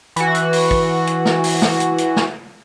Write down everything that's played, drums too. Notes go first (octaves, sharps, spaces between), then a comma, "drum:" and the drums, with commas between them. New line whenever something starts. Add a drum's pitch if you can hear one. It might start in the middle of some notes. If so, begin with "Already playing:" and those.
E3 F#4, drum: hi-hat
drum: hi-hat
drum: open hi-hat
drum: kick
drum: hi-hat
drum: snare
drum: open hi-hat
drum: snare
drum: hi-hat
drum: hi-hat
drum: snare